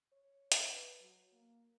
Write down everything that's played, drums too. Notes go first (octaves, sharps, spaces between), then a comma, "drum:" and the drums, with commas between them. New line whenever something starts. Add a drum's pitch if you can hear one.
C#5
drum: hi-hat
B4
F#3
A#3